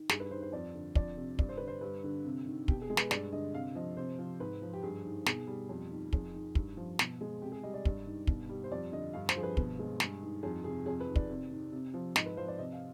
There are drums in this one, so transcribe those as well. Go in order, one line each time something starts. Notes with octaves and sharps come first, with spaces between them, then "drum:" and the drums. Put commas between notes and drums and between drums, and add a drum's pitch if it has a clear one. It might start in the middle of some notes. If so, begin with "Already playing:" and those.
Already playing: D#3
G2 G#4, drum: snare
B4
D#3 C5
C5
F2 D5
D3
F2 D5, drum: kick
C3
G2 D5, drum: kick
C5
D3 B4
C5
G2 B4
D3
C3
D#3
B2 G4, drum: kick
G#4
G#3
B4, drum: snare
G2 D5, drum: snare
D3 D#5
C3 F5
F3 D#5
C3 C5
F3
G#2 B4
F3
G4
G2 G#4
D#3
B2 G#4, drum: snare
G3
F2
D#3
F2 G#4, drum: kick
D#3
G2, drum: kick
F3
B2, drum: snare
G#3
C3 G4
G#4
G3 D#5
D5
G2, drum: kick
D#3
B2, drum: kick
G3
C5
F2 D5
D3 D#5
G2 F5
C5, drum: snare
F3 G#4
B4
B2, drum: kick
G#3
G2 G#4, drum: snare
D#3
F2 G#4
C3 G#4
F2 G#4
B4
D#3
D5, drum: kick
C3
D#3
C3
F3
G#2 D#5, drum: snare
B4
F3 C5
D5
C3 D#5
F5